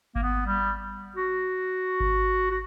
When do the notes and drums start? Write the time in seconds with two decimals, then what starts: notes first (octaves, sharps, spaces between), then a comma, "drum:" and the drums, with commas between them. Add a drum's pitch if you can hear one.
0.16 A#3, drum: kick G#1
0.23 B3
0.47 G3
1.17 F#4
2.00 drum: kick G#1
2.51 F#4